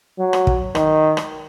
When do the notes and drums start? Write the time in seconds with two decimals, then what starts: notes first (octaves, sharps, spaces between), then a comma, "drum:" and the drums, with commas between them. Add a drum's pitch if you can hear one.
0.19 F#3
0.33 drum: rim click
0.47 drum: kick
0.75 D#3, drum: rim click
1.17 drum: rim click